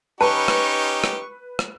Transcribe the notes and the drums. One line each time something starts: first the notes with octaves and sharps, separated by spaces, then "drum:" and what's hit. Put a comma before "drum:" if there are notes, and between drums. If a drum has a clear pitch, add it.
C#4 D#4 G4 B4 A5 C#6
drum: rim click
drum: rim click
drum: rim click